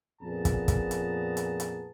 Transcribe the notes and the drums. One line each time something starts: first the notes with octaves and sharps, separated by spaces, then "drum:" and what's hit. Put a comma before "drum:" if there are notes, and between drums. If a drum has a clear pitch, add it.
F2 A#2 B3 G#4 A5 A#5
drum: kick, hi-hat
drum: kick, hi-hat
drum: hi-hat
drum: hi-hat
drum: hi-hat